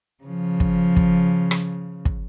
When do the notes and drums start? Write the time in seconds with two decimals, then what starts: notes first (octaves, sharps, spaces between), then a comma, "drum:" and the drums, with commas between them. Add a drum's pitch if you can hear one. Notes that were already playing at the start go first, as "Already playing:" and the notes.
0.24 C#3 F3
0.60 drum: kick
0.96 drum: kick
1.51 drum: rim click
2.05 drum: kick